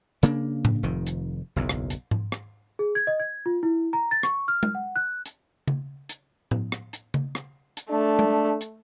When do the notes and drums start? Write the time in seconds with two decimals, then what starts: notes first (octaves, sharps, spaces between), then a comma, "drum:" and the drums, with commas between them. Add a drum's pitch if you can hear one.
0.23 C#3 A#3 D4, drum: hi-hat
0.65 drum: tom A2
0.83 F1 F2 D#3
1.07 drum: hi-hat
1.56 F#1 B1 E2
1.69 drum: rim click
1.90 drum: hi-hat
2.11 drum: tom G#2
2.32 drum: rim click
2.79 G#4
2.95 G#6
3.07 D#5
3.20 G#6
3.46 F4
3.63 E4
3.93 A#5
4.11 A6
4.23 C#6, drum: rim click
4.48 F6
4.63 drum: tom G#3
4.75 F#5
4.96 F#6
5.26 drum: hi-hat
5.67 drum: tom C#3
6.09 drum: hi-hat
6.51 drum: tom A2
6.72 drum: rim click
6.93 drum: hi-hat
7.14 drum: tom C#3
7.35 drum: rim click
7.77 drum: hi-hat
7.90 A3 D4
8.19 drum: tom G#3
8.61 drum: hi-hat